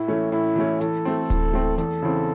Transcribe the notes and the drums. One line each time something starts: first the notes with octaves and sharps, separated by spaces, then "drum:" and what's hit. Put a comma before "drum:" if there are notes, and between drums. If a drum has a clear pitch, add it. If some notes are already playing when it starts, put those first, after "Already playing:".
Already playing: A2 E4
E3 A3 C#4
A2 E4
E3 A3 C#4
E3 A4, drum: hi-hat
A3 C4
E3, drum: kick D1, hi-hat
A3 C4
E2 A4, drum: hi-hat
C#3 E3 C4